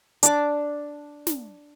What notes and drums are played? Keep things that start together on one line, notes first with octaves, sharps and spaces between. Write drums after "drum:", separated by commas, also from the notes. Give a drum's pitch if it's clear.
D4 D6, drum: hi-hat
drum: snare